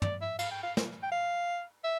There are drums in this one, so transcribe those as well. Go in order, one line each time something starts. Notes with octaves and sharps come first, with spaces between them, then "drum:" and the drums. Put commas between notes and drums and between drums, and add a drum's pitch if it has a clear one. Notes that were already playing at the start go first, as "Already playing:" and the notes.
D5, drum: tom
E5
F5, drum: cymbal
G5
F5
drum: snare
G5
F5
E5